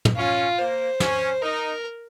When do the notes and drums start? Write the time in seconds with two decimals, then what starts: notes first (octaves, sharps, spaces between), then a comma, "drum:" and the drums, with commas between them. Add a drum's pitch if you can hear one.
0.05 drum: tom
0.16 C#4 F4
0.58 A#3 C5
1.00 C#4, drum: snare
1.42 D#4 A#4